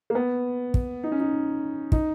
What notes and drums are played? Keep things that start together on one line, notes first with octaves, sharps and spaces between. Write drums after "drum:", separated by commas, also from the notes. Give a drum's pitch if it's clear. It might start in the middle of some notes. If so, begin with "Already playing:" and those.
A#3
B3
drum: kick
D#4
C#4
D#4
D#4, drum: kick